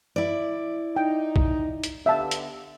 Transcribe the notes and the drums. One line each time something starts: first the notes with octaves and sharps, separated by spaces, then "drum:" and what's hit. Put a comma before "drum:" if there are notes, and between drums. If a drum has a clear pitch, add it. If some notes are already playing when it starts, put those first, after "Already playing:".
E4 D5
D#4 G5
drum: kick
drum: hi-hat
D3 B3 G4 E5 F5 A5
drum: hi-hat